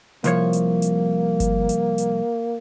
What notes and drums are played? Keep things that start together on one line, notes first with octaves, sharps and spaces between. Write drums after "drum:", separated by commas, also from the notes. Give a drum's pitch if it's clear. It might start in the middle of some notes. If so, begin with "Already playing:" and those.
C2 F3 A#3 C#5, drum: hi-hat
drum: hi-hat
drum: hi-hat
drum: kick G1, hi-hat
drum: hi-hat
drum: hi-hat